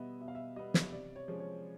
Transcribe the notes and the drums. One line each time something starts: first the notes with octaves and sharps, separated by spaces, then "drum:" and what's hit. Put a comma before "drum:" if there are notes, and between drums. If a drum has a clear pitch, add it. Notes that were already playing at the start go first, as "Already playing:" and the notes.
Already playing: B2 G3 B3 D#5 E5
B2 E5
F5
E5
G3 B3 D#5
drum: snare
C3 D5
C#5
F3 G#3 C#4
C#5